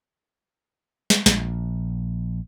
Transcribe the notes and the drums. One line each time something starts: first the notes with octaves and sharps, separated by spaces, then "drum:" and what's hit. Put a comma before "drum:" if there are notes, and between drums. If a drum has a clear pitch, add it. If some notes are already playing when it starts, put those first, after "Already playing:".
drum: snare
A#1, drum: snare